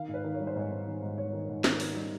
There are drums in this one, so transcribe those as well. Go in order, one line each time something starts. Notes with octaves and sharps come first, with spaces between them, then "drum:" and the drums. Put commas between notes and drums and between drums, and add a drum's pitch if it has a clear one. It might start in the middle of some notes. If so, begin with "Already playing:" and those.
Already playing: D#3 F5
G#2
B4
D#3
C#5
G3
C5
G#2 C#5
G#2
D#3
G#2
G#2 C#5
D#3
G#2
D#3, drum: snare
D#3 B4, drum: open hi-hat
G3